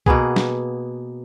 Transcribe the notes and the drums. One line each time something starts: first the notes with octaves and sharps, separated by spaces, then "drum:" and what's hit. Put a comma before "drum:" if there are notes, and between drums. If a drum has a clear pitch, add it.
B2 A#3 B3 G#4, drum: kick C2
drum: snare